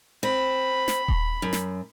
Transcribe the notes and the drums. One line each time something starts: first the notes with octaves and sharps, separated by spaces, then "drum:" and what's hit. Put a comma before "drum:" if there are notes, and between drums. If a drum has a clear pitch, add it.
C4 B5
drum: snare
drum: kick D#1
F#2
drum: snare